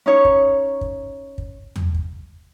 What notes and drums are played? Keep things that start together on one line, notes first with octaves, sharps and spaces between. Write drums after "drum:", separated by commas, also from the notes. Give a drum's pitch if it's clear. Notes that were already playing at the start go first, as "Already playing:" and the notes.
C#4 D#4 C#5
drum: kick
drum: kick
drum: kick
drum: tom E2
drum: kick